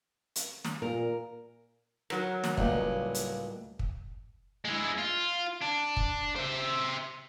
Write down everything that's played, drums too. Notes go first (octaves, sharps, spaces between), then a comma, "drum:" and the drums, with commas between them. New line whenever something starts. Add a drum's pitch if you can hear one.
drum: hi-hat
drum: snare
A#2 A#4
F#3 A#4, drum: rim click
drum: snare
C#2 A2 G3 A#3, drum: kick
drum: hi-hat
drum: kick
G#3 E4
F4
D4
drum: kick
C5 E5